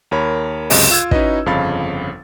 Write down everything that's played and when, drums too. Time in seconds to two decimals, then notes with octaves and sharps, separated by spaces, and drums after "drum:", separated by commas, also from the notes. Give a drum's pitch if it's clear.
0.11 D#2 A#4 C#5 B5
0.70 C#2 F#2 C3 G#4 D#5 D7, drum: open hi-hat
0.90 F4 E6 G#6
1.11 C#4 D#4 E4 F#4 B4 D#5, drum: kick
1.46 G1 F2 C#3 F5 B5 A6